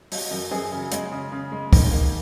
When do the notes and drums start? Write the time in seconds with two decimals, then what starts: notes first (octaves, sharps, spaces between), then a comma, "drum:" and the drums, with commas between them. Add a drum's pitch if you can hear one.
0.12 F#3, drum: open hi-hat
0.31 F#2
0.51 F#2 G#4
0.72 C#3
0.92 G#3, drum: hi-hat
1.12 C#3
1.32 C#3
1.52 G#3
1.73 D#3, drum: kick C2, open hi-hat
1.92 A#3